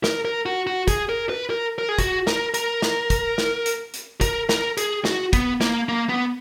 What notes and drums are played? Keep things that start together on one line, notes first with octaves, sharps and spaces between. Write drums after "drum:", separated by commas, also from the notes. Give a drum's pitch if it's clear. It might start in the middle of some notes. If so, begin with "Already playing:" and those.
A#4, drum: snare
A#4
F#4
F#4
G#4, drum: kick, hi-hat
A#4
B4
A#4
A#4
G#4
F#4, drum: kick, hi-hat
A#4, drum: snare
A#4, drum: hi-hat
drum: snare
drum: kick, hi-hat
drum: snare
drum: hi-hat
drum: hi-hat
A#4, drum: kick, hi-hat
A#4, drum: snare
G#4, drum: hi-hat
F#4, drum: snare
B3, drum: kick, hi-hat
A#3, drum: snare
A#3
B3